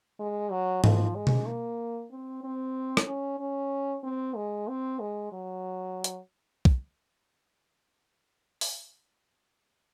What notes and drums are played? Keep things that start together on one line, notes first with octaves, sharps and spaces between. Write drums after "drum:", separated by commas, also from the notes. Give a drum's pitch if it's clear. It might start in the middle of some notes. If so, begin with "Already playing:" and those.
G#3
F#3
F3, drum: tom G#2
G#3
drum: tom
A#3
C4
C4
drum: rim click
C#4
C#4
C4
G#3
C4
G#3
F#3
drum: hi-hat
drum: kick
drum: open hi-hat